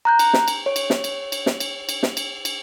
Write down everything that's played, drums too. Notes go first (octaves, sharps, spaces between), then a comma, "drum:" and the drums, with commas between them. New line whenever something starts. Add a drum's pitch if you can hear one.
A#5 F#6 G6
drum: cymbal
drum: snare
drum: cymbal
C#5
drum: cymbal
drum: snare
drum: cymbal
drum: cymbal
drum: snare
drum: cymbal
drum: cymbal
drum: snare
drum: cymbal
drum: cymbal